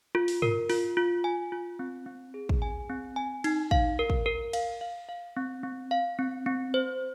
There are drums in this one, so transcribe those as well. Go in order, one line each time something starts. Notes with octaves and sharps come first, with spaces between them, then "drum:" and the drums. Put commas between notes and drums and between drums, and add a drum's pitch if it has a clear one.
F4, drum: rim click
drum: open hi-hat
A#4, drum: tom
F4, drum: open hi-hat
F4
G#5
F4
C4
C4
G#4
drum: kick
G#5
C4
G#5
D#4, drum: cymbal
F5, drum: kick
A#4
drum: kick
A#4
F5, drum: cymbal
F5
F5
C4
C4
F5
C4
C4
C5